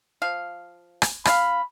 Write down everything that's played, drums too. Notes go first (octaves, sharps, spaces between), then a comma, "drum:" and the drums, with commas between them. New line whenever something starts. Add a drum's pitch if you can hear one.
F3 F5
drum: rim click
C#3 F4 F5 B5, drum: rim click